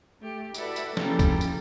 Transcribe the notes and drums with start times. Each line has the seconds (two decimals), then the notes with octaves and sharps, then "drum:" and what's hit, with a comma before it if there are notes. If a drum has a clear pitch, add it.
0.20 A3 G4
0.54 E4 F#4 A4 B4 D5, drum: tambourine
0.76 drum: tambourine
0.97 C#3 F3 G3 A#3 E4 A4, drum: snare
1.19 drum: kick, tambourine
1.41 drum: tambourine